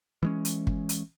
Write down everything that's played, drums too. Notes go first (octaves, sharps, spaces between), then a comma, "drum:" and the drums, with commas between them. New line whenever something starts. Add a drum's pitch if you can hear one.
E3 G#3 C#4
drum: hi-hat
drum: kick
drum: hi-hat